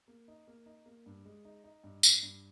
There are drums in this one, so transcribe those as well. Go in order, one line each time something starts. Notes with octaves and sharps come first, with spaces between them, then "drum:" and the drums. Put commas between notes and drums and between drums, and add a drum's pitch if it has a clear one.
A#3
D#4
A#3
D#4
A#3
G2
G#3
D#4
D#4
G2
G2, drum: tambourine
G2